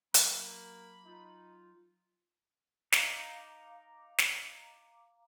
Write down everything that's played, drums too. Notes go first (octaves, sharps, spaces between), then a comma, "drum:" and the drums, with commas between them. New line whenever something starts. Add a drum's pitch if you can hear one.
F#3 A#3 B5, drum: hi-hat
D#4 F4
D#4 F5 A#5 D6, drum: snare
drum: snare